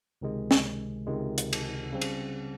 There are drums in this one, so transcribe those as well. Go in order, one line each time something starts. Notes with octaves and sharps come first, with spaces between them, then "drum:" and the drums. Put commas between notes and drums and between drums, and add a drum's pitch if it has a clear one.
C#2 C3 D#3 G#3
drum: snare
C#2 C3 D#3 G#3
drum: hi-hat
drum: cymbal
C#3 G3 C4
drum: cymbal